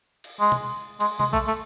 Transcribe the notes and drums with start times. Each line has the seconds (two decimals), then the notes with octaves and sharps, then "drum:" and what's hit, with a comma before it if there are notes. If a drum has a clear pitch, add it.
0.24 drum: cymbal
0.40 G#3
0.52 drum: tom B2
1.00 G#3, drum: cymbal
1.20 G#3, drum: tom
1.33 A3, drum: kick
1.47 A3